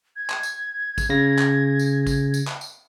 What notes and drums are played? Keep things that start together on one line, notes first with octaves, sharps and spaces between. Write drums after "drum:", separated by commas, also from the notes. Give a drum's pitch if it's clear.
G#6
drum: clap
drum: tambourine
drum: kick A1, tambourine
C#3 A#6
drum: clap
drum: tambourine
drum: kick A1, tambourine
drum: tambourine
drum: clap
drum: tambourine